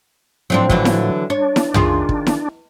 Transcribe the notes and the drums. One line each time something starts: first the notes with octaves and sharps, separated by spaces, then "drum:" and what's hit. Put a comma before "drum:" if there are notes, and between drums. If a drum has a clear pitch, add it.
A2 F3 F#3 C4 D4
D3 E3 F#3, drum: kick
drum: snare E4
D4 C#5
drum: snare E4
D#3 F4 G#4, drum: tom
drum: kick
drum: snare E4